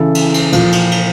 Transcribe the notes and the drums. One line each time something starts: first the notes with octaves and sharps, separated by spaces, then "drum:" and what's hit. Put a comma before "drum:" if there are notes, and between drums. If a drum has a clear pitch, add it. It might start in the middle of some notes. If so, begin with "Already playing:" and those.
Already playing: C#3 E3 A4
drum: cymbal
drum: cymbal
A#2 F3, drum: cymbal
drum: cymbal
drum: cymbal